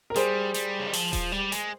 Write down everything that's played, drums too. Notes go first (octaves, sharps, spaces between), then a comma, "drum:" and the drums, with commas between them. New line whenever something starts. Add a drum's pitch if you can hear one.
A#4
G3 G#4 C5, drum: hi-hat
G3, drum: hi-hat
C#3
D#3
F3, drum: open hi-hat
F3, drum: kick D#1, hi-hat
G3
G#3, drum: hi-hat